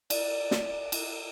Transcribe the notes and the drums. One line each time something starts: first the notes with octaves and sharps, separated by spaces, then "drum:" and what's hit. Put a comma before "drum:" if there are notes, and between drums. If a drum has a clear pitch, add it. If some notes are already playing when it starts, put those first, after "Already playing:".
D5, drum: cymbal
drum: snare
drum: cymbal